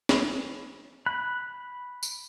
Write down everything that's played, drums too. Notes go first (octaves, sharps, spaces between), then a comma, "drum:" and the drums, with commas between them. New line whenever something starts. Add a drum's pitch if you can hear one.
drum: snare
B5 F#6
drum: tambourine